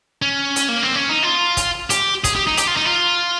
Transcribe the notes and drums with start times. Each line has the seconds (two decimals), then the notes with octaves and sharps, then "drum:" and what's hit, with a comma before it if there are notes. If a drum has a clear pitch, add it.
0.22 C#4
0.56 drum: hi-hat
0.69 A#3
0.83 C4
0.96 C#4
1.09 D#4
1.23 F4
1.57 drum: kick, hi-hat
1.90 G4, drum: hi-hat
2.24 G#4, drum: kick, hi-hat
2.35 G4
2.47 D#4
2.57 G4, drum: hi-hat
2.67 F4
2.77 D#4
2.86 F4